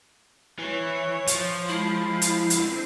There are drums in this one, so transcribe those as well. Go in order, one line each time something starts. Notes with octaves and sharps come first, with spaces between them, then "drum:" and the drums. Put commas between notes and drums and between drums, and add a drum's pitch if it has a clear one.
E3 C#5
F3, drum: hi-hat
G#3 E4 F5
drum: hi-hat
D3 C4, drum: hi-hat